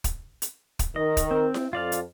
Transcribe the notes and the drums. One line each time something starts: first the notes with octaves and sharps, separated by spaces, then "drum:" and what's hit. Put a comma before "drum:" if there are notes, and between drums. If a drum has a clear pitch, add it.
drum: kick, hi-hat
drum: hi-hat
drum: kick, hi-hat
D#3 A#4 D#5
drum: kick, hi-hat
C4
drum: snare E4
F2 F4 D5 F5
drum: hi-hat